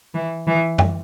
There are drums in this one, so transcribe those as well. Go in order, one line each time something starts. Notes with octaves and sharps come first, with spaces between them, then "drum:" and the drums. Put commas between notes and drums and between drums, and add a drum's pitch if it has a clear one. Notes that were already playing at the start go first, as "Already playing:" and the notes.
E3
E3
drum: tom F#2